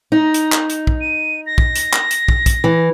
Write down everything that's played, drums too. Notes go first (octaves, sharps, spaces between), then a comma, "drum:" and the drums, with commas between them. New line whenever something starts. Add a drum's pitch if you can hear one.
D#4 A#5
drum: hi-hat
drum: clap
drum: hi-hat
drum: kick
D#7
A#6
drum: kick
drum: hi-hat
drum: clap
drum: hi-hat
drum: kick
drum: kick, hi-hat
E3